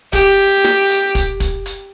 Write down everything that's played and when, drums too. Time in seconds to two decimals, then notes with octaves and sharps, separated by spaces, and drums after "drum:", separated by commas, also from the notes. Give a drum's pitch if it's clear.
0.13 G4, drum: kick, hi-hat
0.64 drum: snare
0.90 drum: hi-hat
1.15 drum: kick, hi-hat
1.40 drum: kick, hi-hat
1.66 drum: hi-hat